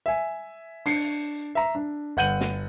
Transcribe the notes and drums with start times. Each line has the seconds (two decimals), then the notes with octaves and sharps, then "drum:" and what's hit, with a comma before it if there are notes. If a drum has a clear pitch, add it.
0.06 E5 G#5
0.86 D4 C7 C#7, drum: open hi-hat
1.55 E5 A#5
1.75 D4
2.17 G1 F#5 G6 D#7 F#7
2.41 drum: snare